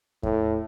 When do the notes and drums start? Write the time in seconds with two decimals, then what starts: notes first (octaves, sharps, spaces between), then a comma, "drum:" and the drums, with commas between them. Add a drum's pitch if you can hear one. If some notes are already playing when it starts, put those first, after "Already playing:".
0.23 A2, drum: kick E2